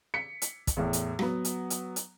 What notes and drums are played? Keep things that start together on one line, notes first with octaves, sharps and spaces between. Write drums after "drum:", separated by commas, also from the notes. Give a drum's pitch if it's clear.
B6 C#7
drum: hi-hat
drum: kick, hi-hat
E2 A2
drum: hi-hat
F#3 B3, drum: rim click
drum: hi-hat
drum: hi-hat
drum: hi-hat